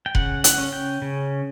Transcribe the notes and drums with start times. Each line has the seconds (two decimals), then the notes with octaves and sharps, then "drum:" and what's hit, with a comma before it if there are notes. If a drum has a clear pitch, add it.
0.06 G5
0.15 C#3 F#5, drum: kick F1
0.44 F#5, drum: hi-hat
0.58 C#4
0.73 G5
1.02 C#3